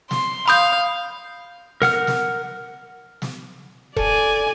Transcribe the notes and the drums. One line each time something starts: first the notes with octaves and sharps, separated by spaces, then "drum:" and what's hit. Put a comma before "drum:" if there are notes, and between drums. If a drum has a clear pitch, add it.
C6, drum: snare
F5 B5 D#6 G6
A#4 F#5 F6, drum: snare
drum: snare
drum: snare
A4 D5 G#5, drum: kick E1